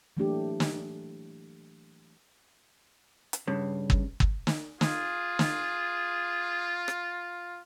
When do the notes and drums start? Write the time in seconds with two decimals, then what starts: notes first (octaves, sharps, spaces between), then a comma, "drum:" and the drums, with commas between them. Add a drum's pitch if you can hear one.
0.17 E3 F#3 A3 A#3 D4 G4
0.60 drum: snare
3.33 drum: hi-hat
3.47 G2 C#3
3.90 drum: kick
4.20 drum: kick
4.47 drum: snare
4.81 F4 G#4, drum: snare
5.39 drum: snare
6.88 drum: rim click